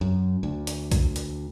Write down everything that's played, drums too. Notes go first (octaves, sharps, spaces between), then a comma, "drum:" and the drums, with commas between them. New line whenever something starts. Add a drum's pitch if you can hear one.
F#2
D2
drum: hi-hat
drum: kick B1, hi-hat
drum: hi-hat